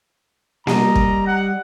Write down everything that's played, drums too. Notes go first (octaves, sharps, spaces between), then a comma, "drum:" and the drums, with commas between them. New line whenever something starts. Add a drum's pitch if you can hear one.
G3 D#5 A#5, drum: snare A#3
drum: kick
F#5